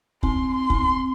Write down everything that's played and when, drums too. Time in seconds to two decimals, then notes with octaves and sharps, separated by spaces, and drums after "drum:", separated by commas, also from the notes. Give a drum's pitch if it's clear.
0.23 C4 C6, drum: kick
0.54 C6
0.70 C4, drum: kick